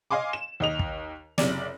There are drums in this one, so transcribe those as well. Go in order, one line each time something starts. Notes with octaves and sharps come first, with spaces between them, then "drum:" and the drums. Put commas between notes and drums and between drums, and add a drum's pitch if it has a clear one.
D#5 F5 G#5 C6 D6
E7
D#2 D#5 F7
drum: kick
F#1 C3 D5, drum: snare